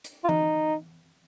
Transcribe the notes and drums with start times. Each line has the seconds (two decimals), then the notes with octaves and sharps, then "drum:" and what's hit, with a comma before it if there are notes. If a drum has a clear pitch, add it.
0.04 drum: hi-hat
0.24 F4
0.29 D#4, drum: tom E3